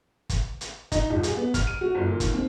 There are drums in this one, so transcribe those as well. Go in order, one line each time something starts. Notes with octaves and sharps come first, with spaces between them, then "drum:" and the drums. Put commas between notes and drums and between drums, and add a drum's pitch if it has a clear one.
drum: kick, hi-hat
drum: hi-hat
D#4, drum: kick, hi-hat
D#1
G#4, drum: hi-hat
B3
F6, drum: kick, hi-hat
D#7
F#4
G1
A#2
D#2, drum: kick, hi-hat
C4